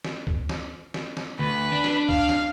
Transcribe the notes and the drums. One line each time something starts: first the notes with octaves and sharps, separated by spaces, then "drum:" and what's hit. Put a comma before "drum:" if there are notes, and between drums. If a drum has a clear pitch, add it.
drum: snare
drum: kick
drum: snare
drum: snare
drum: snare
D2 B4
D4
drum: snare
F5, drum: kick
drum: snare